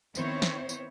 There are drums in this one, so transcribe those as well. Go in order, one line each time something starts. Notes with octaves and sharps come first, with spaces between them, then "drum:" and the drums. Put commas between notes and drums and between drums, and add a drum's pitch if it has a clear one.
D#3 B3 C4 E4 C5 C#5, drum: tambourine
drum: snare
drum: tambourine